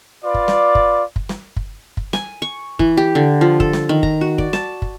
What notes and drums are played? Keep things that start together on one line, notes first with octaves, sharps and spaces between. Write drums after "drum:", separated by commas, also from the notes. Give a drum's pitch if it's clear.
F4 B4 D5
drum: kick
drum: snare
drum: kick
drum: kick
drum: snare
drum: kick
drum: kick
G#5, drum: snare
C#6
E3, drum: kick
G4
D3
F3
A4, drum: kick
drum: snare
D#3
A#5, drum: kick
F#4
D5, drum: kick
A5, drum: snare
drum: kick